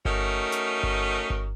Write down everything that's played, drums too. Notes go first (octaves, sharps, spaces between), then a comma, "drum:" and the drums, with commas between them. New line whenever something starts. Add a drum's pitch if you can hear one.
A3 C#4 D#4 F#4 A#4, drum: kick G1
drum: snare
drum: kick G1
drum: kick G1